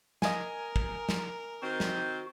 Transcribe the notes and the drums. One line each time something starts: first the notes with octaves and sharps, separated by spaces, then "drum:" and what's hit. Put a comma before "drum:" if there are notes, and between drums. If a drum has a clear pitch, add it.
A#4 D#5 G#5, drum: snare
drum: kick
drum: snare
D#3 C4 F#4
drum: snare